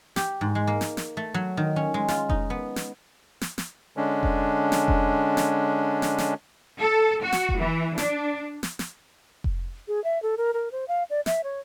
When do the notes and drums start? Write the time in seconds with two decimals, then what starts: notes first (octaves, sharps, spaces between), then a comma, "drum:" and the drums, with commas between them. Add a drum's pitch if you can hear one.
0.16 G4, drum: snare
0.41 G#2
0.55 G#3
0.67 A#3
0.81 drum: snare
0.97 drum: snare
1.17 A3
1.34 F#3
1.57 D#3
1.76 C#4
1.94 G#3
2.08 F4, drum: snare
2.29 D#4, drum: kick F1
2.50 B3
2.76 drum: snare
3.41 drum: snare
3.58 drum: snare
3.97 D3 G#3 C#4 D4
4.23 drum: kick F1
4.72 drum: snare
4.88 drum: kick F1
5.37 drum: snare
6.02 drum: snare
6.18 drum: snare
6.79 A4
7.23 F#4
7.32 drum: snare
7.49 drum: kick F1
7.58 E3
7.98 D4, drum: snare
8.63 drum: snare
8.79 drum: snare
9.44 drum: kick F1
9.88 G#4
10.04 E5
10.23 A4
10.38 A#4
10.54 A#4
10.72 C5
10.88 F5
11.10 D5
11.26 E5, drum: snare
11.44 C#5